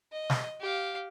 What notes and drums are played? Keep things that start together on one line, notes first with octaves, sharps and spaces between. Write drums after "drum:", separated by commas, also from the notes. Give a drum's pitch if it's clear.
D#5
drum: snare
G4 F5